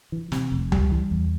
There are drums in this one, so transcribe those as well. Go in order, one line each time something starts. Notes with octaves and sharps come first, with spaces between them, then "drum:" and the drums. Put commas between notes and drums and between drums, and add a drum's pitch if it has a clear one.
E3
C3, drum: snare
F1
G3, drum: tom C#2
E3
E2